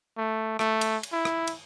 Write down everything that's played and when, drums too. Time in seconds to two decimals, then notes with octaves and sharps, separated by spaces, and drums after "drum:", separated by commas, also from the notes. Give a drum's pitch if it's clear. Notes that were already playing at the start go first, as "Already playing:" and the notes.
0.17 A3
0.59 A3, drum: rim click
0.81 drum: cymbal
1.03 drum: cymbal
1.12 E4
1.25 drum: rim click
1.47 drum: cymbal